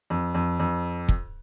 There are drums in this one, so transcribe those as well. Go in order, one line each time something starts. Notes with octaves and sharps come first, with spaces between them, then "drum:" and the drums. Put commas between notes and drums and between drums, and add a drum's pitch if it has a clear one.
F2
F2
F2
drum: kick